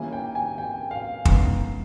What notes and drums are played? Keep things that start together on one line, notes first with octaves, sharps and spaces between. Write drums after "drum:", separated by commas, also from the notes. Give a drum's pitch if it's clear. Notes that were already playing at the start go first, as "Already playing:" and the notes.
Already playing: D#3 G3 A#3 C#4 E4 G#5
G5
G#5
G5
F5
C#3 E3 G#3 B3 D#4, drum: kick